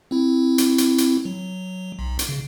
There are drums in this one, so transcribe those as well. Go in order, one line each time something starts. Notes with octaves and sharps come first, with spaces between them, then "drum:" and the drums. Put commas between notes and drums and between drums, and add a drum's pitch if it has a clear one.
C4 E4
drum: hi-hat
drum: hi-hat
drum: hi-hat
F#3
B1
drum: hi-hat
C#3